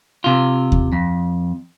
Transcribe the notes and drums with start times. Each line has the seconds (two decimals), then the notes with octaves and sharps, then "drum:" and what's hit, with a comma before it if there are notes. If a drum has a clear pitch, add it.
0.24 C3 F4
0.72 drum: kick D#2
0.92 F2